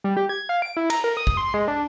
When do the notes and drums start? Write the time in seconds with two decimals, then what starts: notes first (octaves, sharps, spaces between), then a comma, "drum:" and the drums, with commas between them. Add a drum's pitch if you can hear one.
0.04 G3
0.17 G4
0.29 G#6
0.49 F5
0.62 D7
0.77 E4
0.90 A#5, drum: cymbal
1.04 A#4
1.17 D#6
1.27 drum: kick G#1
1.37 C6
1.54 G#3
1.68 D4